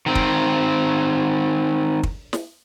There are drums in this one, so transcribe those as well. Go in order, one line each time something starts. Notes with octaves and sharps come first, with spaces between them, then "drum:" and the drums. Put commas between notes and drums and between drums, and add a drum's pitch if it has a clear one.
D#3 C4
drum: kick
drum: kick
drum: snare